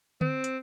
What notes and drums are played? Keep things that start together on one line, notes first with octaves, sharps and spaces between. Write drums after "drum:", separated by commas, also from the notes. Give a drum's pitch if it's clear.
C4, drum: tom D3
drum: hi-hat